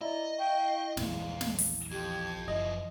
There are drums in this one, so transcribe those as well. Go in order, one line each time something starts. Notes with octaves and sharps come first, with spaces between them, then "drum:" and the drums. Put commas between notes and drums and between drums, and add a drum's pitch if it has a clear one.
E4 D5 D#5 A#5
F5 G5 C#6
A#1 E2 G2 G#3 F5, drum: snare
drum: snare
drum: open hi-hat
F2 G4 G#6
F#1 F3 E4 D#5